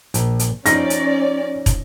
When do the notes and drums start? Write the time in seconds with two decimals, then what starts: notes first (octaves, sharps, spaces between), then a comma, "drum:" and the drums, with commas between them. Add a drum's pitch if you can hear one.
0.14 A#1, drum: hi-hat
0.39 drum: hi-hat
0.66 F3 C#4 D#4 D5 A#6, drum: hi-hat
0.90 drum: hi-hat
1.66 drum: kick, hi-hat